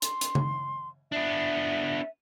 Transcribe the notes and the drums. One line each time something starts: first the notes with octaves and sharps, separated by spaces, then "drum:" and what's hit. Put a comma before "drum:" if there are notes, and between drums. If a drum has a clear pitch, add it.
C6, drum: hi-hat
drum: hi-hat
drum: tom C#3
B3 D4 E5